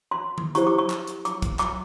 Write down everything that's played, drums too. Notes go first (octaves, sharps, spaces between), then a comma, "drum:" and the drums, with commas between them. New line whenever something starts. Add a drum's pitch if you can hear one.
C6
drum: tom D3
E4 G4 C5 C#6, drum: hi-hat
D6
C#6
drum: clap
drum: hi-hat
D6, drum: hi-hat
drum: kick, hi-hat
D6, drum: clap